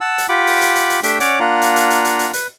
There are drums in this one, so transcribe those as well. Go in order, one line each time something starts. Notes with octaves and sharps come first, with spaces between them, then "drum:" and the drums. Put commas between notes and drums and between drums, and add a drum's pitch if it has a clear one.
F#5 A5 E6
drum: hi-hat
F4 G4 F#5 B5 D6
drum: open hi-hat
drum: hi-hat
drum: hi-hat
drum: hi-hat
A3 D4 G4 E5 G5, drum: hi-hat
C#4 C#5 D5 F#5 D6, drum: hi-hat
A#3 D4 F4 F#5 A#5
drum: hi-hat
drum: hi-hat
drum: hi-hat
drum: hi-hat
drum: hi-hat
B4, drum: hi-hat